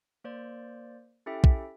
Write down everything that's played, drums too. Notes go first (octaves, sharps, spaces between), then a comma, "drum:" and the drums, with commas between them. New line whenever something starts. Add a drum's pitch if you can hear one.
A#3 C5 D5
C#4 E4 G4 A4 E5 G5
drum: kick